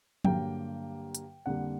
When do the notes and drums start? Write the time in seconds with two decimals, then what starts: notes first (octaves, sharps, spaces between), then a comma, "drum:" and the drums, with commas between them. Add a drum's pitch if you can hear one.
0.24 G2 D3 F#3 A#3 G5, drum: tom F3
1.15 drum: hi-hat
1.46 F2 D3 G3 A#3 F#5